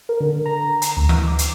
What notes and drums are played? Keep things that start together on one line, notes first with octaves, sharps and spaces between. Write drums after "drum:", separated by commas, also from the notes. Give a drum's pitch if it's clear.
A#4
D3
A#5
A#5, drum: hi-hat
D2
E3, drum: rim click
D6
drum: hi-hat